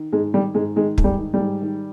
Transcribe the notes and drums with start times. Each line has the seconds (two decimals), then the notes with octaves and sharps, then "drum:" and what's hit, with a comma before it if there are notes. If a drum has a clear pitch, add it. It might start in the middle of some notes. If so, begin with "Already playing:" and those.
Already playing: D#3
0.13 G#2 G#3
0.33 D#3 G3
0.54 G#2 G#3
0.76 D#3 G#3
0.98 G#2, drum: kick
1.04 G3
1.18 D#3
1.34 G3
1.40 G#2
1.62 D#3